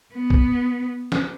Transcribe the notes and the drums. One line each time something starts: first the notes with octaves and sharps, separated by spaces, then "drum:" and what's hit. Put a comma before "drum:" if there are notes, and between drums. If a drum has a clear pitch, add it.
B3
drum: kick
drum: snare